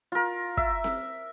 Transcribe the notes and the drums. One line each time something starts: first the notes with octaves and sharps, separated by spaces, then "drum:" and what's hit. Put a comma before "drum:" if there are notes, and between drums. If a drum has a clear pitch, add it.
F4 A#4
E5, drum: kick
drum: snare C4